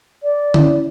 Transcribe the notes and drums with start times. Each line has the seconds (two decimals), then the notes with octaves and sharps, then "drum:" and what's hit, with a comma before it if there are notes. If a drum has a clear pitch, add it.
0.23 D5
0.54 C#4 E4, drum: tom D3